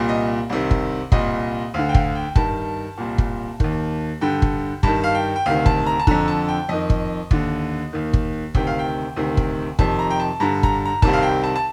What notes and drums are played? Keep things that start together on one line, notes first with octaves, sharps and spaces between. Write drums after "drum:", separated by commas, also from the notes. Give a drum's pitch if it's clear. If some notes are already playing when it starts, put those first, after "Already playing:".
Already playing: C2 A#2
D#5
C2 C3 D#3
drum: kick
C2 A#2 D#5, drum: kick
D2 D3 F5
G5
F5, drum: kick
G5
G2 D#3 A5, drum: kick
C2 A#2
drum: kick
D#2 D#3, drum: kick
G2 D3 G5
drum: kick
G2 D#3 A5, drum: kick
F5
G5
G5
D2 C3 D#3 F5
A5, drum: kick
A#5
A5
F2 D3 A#5, drum: kick
A5
G5
F2 D#3 D#5
drum: kick
D#2 D3, drum: kick
D#2 D#3
drum: kick
D2 C3 D#3 G5, drum: kick
F5
G5
D2 C3 D#3
drum: kick
F2 C3 D#3 A5, drum: kick
A#5
G5
A5
G2 D3 A#5
A#5, drum: kick
A#5
C2 C3 D#3 A5, drum: kick
F5
G5
A5
A5